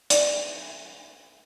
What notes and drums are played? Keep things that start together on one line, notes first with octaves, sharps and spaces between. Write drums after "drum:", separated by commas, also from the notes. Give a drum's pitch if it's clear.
D5, drum: hi-hat